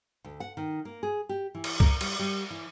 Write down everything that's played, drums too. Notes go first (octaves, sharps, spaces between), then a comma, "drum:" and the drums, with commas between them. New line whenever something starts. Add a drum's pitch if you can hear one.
D2
F#5
D#3
A#3
G#4
G4
E3
drum: cymbal
A#4, drum: kick
G3, drum: cymbal
G3
E3